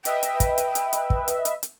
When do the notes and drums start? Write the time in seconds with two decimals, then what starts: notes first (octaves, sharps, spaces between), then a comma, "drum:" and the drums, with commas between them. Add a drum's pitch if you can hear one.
0.05 B4 D#5 E5 G5, drum: hi-hat
0.23 drum: hi-hat
0.40 drum: kick, hi-hat
0.58 drum: hi-hat
0.75 drum: hi-hat
0.93 drum: hi-hat
1.10 drum: kick
1.28 drum: hi-hat
1.45 drum: hi-hat
1.63 drum: hi-hat